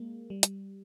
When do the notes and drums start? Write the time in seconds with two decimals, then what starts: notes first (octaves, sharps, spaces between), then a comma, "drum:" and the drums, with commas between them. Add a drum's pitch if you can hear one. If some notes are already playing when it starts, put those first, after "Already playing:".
Already playing: G#3 A#3
0.30 G3
0.43 drum: hi-hat